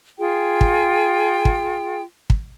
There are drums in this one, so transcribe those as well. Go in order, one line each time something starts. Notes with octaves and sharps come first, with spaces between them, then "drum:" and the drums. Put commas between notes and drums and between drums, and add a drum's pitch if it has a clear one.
F4 G#4 G5
drum: kick
drum: kick
drum: kick